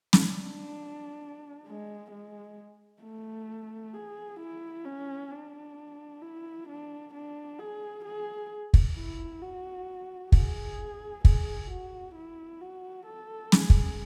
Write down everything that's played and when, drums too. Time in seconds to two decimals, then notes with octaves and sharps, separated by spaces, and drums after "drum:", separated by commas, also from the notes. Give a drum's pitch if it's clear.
0.13 drum: snare
0.29 D4
1.66 G#3
2.11 G#3
3.02 A3
3.94 G#4
4.39 E4
4.85 C#4
5.31 D4
6.22 E4
6.68 D4
7.14 D4
7.59 G#4
8.04 G#4
8.74 drum: kick
8.96 E4
9.42 F#4
10.32 G#4, drum: kick
11.25 G#4, drum: kick
11.70 F#4
12.15 E4
12.61 F#4
13.06 A4
13.52 G#4, drum: snare
13.70 drum: kick